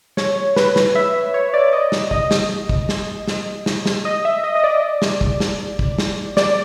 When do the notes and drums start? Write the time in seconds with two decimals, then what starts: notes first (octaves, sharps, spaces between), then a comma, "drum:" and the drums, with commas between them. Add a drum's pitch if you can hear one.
0.17 C#5, drum: snare
0.56 B4, drum: snare
0.76 drum: snare
0.95 E5
1.34 C#5
1.54 D5
1.68 D5
1.73 D#5
1.92 drum: snare
2.11 D#5, drum: kick
2.31 drum: snare
2.69 drum: kick
2.89 drum: snare
3.28 drum: snare
3.66 drum: snare
3.86 drum: snare
4.05 D#5
4.25 E5
4.44 D#5
4.55 D#5
4.64 D5
5.02 drum: snare
5.21 drum: kick
5.40 drum: snare
5.79 drum: kick
5.98 drum: snare
6.37 D5, drum: snare